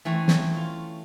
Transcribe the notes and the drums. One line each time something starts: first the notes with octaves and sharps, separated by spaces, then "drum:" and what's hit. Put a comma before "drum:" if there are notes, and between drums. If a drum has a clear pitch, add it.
E3 A3 C4 C#4
drum: snare
F4